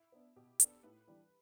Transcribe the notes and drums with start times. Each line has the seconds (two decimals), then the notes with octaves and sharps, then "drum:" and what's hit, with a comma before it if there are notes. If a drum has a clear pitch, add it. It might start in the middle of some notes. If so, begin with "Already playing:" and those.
Already playing: E4
0.12 B3 D4
0.36 B2 G4
0.60 B3 D4 A4, drum: hi-hat
0.83 A2 B4
1.07 E3 G3 D4